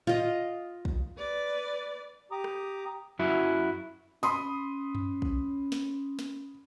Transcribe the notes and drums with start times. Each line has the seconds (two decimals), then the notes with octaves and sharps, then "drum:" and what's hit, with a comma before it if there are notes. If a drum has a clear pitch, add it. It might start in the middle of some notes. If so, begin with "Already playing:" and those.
0.07 F4 D#5, drum: tom A2
0.85 drum: kick
1.17 B4 D5
2.32 G4 A#5 D6 D#6
2.44 drum: rim click
3.19 F#2 F#3 E4
4.23 C#4 B5 C6 D#6, drum: tambourine
4.95 drum: tom F#2
5.22 drum: kick
5.72 drum: snare
6.19 drum: snare